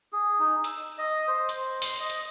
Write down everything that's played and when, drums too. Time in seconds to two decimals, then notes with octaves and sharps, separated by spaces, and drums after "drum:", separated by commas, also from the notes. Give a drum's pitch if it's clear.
0.13 G#4
0.39 D#4
0.64 E6, drum: hi-hat
0.98 D#5
1.28 C5
1.49 C5, drum: hi-hat
1.82 C6, drum: open hi-hat
2.00 D#5
2.10 drum: hi-hat